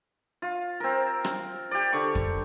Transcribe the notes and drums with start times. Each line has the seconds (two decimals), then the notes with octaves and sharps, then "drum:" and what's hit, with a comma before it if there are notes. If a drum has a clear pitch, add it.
0.42 F4
0.80 C4 A#4
1.24 drum: rim click
1.71 G4 D5
1.92 D3 C#6
2.15 drum: kick F2